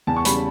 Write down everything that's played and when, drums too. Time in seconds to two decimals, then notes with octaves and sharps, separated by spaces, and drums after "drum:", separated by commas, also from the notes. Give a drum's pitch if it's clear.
0.07 E2 A5
0.16 C#6
0.25 C#3 G3 B5, drum: hi-hat